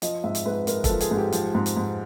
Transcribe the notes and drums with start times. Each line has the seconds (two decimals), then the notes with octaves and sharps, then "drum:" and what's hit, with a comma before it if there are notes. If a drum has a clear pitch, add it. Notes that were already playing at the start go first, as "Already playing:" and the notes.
0.02 F3 D#5, drum: hi-hat
0.24 G#2 E5
0.35 drum: hi-hat
0.45 G#2 B4
0.67 G#3 A#4, drum: hi-hat
0.84 A4, drum: kick, hi-hat
0.89 F3
1.00 G#4, drum: hi-hat
1.11 G#2
1.17 G4
1.32 F3, drum: hi-hat
1.55 G#2
1.66 drum: hi-hat
1.77 G#2